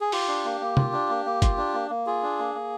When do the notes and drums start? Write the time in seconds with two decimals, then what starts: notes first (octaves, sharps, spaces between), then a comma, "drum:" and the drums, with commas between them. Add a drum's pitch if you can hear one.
0.01 G#4
0.12 F4 G4, drum: open hi-hat
0.28 D4
0.45 A#3
0.61 A#3
0.77 F4, drum: tom
0.93 D4
1.09 A#3
1.26 A#3
1.42 F4, drum: kick, hi-hat
1.57 D4
1.74 A#3
1.90 A#3
2.06 F4 G#4
2.23 D4
2.39 A#3
2.55 A#3